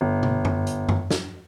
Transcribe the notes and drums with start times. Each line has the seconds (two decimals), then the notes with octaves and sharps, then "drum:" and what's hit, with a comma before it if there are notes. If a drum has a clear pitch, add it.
0.01 G1
0.23 drum: tom
0.45 drum: tom F#2
0.67 drum: hi-hat
0.89 drum: tom F#2
1.11 drum: snare